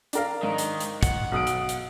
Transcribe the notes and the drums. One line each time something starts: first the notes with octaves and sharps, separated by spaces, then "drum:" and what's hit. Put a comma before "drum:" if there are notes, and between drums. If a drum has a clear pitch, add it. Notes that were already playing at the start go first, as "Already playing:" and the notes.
D4 A#4 F5, drum: hi-hat
G#2 D#3
drum: hi-hat
drum: hi-hat
F#5, drum: kick, hi-hat
B1 D#6 D7
drum: hi-hat
drum: hi-hat